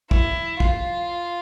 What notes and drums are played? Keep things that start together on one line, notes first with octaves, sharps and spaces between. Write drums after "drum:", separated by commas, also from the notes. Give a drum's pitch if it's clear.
E4, drum: kick
F4, drum: kick